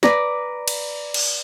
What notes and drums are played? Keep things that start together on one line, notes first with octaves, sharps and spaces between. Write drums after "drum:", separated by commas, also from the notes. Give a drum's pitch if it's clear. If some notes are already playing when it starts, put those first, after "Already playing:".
B4 D5 A#5, drum: snare
drum: cymbal
drum: cymbal